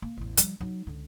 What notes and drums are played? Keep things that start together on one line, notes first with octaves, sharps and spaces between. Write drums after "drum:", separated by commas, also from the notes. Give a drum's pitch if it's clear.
A#3
A1 E2
F3 G3, drum: hi-hat
F#3 D#4
C#2 D3